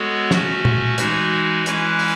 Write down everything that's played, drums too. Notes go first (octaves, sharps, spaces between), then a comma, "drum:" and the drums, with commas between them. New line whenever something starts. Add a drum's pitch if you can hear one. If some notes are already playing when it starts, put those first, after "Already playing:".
Already playing: G#3 B3 F#4 A4 C#5
A3 C#4 F#4, drum: snare
drum: tom
E3 G#3 D#4 F#4, drum: hi-hat
E3 G#3 C#4 E4 B4, drum: hi-hat
drum: open hi-hat